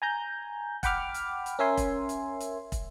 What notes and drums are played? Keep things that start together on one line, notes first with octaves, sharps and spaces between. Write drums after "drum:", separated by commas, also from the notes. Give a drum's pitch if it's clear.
G#5 A#5 G6
F#5 G5 B5 D6 F6, drum: kick, hi-hat
drum: hi-hat
drum: hi-hat
C#4 A#4 E5 G#5 C6
drum: kick, hi-hat
drum: hi-hat
drum: hi-hat
drum: kick, hi-hat